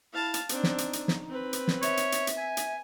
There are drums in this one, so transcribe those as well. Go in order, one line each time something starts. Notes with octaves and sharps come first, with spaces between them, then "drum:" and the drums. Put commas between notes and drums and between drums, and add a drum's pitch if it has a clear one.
E4 F5 A5
drum: hi-hat
C4 D4 D#4, drum: hi-hat
drum: snare
drum: hi-hat
drum: hi-hat
drum: snare
C4 B4
drum: hi-hat
drum: snare
C#5 E5, drum: hi-hat
drum: hi-hat
drum: hi-hat
drum: hi-hat
G#5
drum: hi-hat